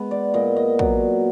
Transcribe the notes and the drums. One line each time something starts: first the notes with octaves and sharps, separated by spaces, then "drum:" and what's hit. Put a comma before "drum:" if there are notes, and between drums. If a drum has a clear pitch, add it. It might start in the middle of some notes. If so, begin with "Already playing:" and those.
Already playing: G#3 B3 G#4
D5
A#2 D#5
D#5
F#3 D5, drum: kick